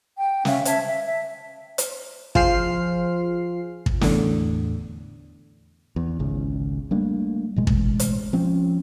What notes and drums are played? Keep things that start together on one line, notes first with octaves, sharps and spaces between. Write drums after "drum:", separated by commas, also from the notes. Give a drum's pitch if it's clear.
G5
C#4 E5 F5, drum: snare
E5 A5 G#6, drum: hi-hat
E5
E5
drum: hi-hat
F3 F4 G#4 C5 F6 C7, drum: kick
drum: kick
E2 A2 D3, drum: snare
E2
G#1 C#2 C#3
G3 A3 A#3 D4
A1 B2 G#3
drum: kick
drum: hi-hat
F3 C4 C#4